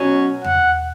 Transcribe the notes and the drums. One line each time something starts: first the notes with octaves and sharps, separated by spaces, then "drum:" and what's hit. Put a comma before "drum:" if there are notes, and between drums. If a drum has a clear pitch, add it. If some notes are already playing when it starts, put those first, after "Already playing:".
Already playing: B2 F#3 C#4 F#4
F#5, drum: tom E2